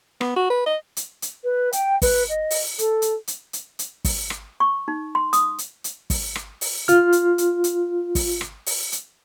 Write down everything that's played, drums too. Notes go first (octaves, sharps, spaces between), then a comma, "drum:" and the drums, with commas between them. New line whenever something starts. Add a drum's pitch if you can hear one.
B3, drum: rim click
F#4
B4
D#5
drum: hi-hat
drum: hi-hat
B4
G5, drum: hi-hat
B4, drum: kick, open hi-hat
D#5
drum: open hi-hat
A4, drum: hi-hat
drum: hi-hat
drum: hi-hat
drum: hi-hat
drum: hi-hat
drum: kick, open hi-hat
drum: rim click
C#6
D#4
C6
D#6, drum: hi-hat
drum: hi-hat
drum: hi-hat
drum: kick, open hi-hat
drum: rim click
drum: open hi-hat
F4 F6, drum: hi-hat
drum: hi-hat
drum: hi-hat
drum: hi-hat
drum: kick, open hi-hat
drum: rim click
drum: open hi-hat
drum: hi-hat